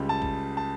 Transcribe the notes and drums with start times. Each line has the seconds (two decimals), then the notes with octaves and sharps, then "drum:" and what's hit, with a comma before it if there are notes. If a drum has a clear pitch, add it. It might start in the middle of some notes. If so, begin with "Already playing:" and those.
Already playing: C#2 C#3 G3
0.09 A5
0.22 drum: kick A1
0.57 A5